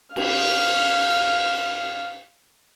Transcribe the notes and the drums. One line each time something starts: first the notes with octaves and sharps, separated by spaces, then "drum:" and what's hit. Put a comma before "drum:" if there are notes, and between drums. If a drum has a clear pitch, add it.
F5 F6, drum: cymbal